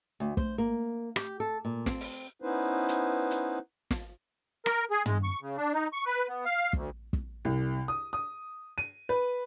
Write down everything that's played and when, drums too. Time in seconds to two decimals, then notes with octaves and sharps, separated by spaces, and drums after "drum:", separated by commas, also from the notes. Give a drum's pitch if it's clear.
0.20 D2
0.37 C5, drum: kick
0.58 A#3
1.16 G4, drum: rim click
1.40 A4
1.65 A#2
1.86 C4, drum: snare
2.01 drum: open hi-hat
2.42 B3 C#4 D#4 E4 B4 C5
2.89 drum: hi-hat
3.31 drum: hi-hat
3.91 drum: snare
4.66 A#4, drum: rim click
4.91 G#4
5.06 G#3, drum: tom
5.23 C#6
5.41 C#3
5.57 D4
5.73 D#4
5.93 C#6
6.06 B4
6.28 B3
6.45 F5
6.73 D2, drum: kick
7.13 drum: kick
7.45 C2
7.88 D#6
8.13 D#6
8.78 D#7
9.09 B4